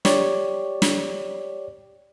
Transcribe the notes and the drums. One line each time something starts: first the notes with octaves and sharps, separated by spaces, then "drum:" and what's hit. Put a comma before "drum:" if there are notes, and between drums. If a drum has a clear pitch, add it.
G4 C#5 D5, drum: snare
drum: snare